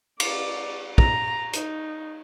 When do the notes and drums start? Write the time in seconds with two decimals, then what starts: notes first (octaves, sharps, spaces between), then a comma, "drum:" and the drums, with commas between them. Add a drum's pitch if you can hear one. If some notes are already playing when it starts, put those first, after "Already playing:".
0.20 D5, drum: cymbal
0.98 A#5, drum: kick
1.53 D#4, drum: hi-hat